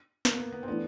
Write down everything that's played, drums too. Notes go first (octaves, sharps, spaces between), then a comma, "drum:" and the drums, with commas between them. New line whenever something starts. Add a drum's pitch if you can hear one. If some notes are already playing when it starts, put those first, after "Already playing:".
A#3, drum: snare
B3
A#3
B3
C4
E3 A3 B3 D4